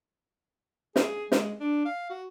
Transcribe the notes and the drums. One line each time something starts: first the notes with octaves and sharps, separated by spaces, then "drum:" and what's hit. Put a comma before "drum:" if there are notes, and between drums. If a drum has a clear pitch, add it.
G#4, drum: snare
G#3, drum: snare
D4
F5
F#4